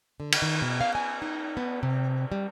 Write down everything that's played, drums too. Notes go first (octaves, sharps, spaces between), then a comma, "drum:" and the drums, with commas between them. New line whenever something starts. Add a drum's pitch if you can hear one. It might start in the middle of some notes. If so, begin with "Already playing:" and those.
D3
drum: cymbal
D#3
B2
F5
G#5
D#4
B3
C3
G3